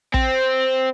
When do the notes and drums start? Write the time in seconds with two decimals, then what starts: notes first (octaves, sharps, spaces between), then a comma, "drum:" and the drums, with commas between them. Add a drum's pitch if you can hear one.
0.14 C4, drum: kick